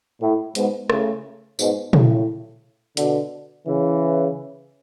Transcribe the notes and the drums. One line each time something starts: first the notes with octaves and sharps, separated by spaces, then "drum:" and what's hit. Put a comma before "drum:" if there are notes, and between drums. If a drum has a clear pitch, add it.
A2
G#2 B2, drum: hi-hat
A2 C#3, drum: rim click
G#2 B2, drum: tambourine
A2 C#3, drum: tom
B2 D3, drum: hi-hat
C#3 E3